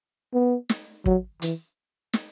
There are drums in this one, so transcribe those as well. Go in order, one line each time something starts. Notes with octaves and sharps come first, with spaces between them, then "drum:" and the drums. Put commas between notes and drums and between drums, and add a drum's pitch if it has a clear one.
B3
drum: snare
F#3, drum: kick
E3, drum: hi-hat
drum: snare